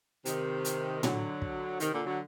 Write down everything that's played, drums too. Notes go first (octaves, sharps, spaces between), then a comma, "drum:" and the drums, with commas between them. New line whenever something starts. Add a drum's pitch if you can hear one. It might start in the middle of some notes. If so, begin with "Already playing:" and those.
C3 D#3, drum: hi-hat
drum: hi-hat
D3 F#3, drum: tom A2
drum: kick
C3 D#3, drum: hi-hat
A#2 D3
D3 F#3